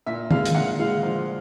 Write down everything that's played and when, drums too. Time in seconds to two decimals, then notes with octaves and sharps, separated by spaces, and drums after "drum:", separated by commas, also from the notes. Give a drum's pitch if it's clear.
0.06 A#2 E5
0.31 G#3 F5, drum: tom D#3
0.45 drum: hi-hat
0.54 A#2 F#5
0.79 G#3 F5
1.03 F3